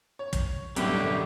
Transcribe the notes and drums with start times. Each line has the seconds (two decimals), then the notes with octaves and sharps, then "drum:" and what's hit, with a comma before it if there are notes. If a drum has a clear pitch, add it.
0.19 C#5
0.33 drum: kick, hi-hat
0.76 B1 F#2 A2 D3 G3 G4, drum: hi-hat